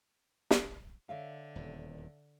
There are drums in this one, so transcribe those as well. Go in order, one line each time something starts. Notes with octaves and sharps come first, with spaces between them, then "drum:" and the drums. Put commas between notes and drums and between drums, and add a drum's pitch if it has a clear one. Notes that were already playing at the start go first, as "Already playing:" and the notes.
drum: snare
D3 C#5 E5 F5
D#1 E2